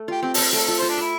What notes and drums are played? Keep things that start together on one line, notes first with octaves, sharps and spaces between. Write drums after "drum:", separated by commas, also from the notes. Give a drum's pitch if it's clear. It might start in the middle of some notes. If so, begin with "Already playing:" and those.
Already playing: A3
F4 G4
C4 G4
C4 A4, drum: open hi-hat
A3 A4
F4 A4
F4 C5
D4
E4 E5